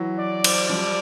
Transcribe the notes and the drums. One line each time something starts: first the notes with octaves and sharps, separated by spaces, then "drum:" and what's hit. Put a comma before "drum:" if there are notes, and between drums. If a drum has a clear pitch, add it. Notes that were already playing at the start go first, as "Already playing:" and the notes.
Already playing: E3 F#3
D5
drum: cymbal
F3 G3 D5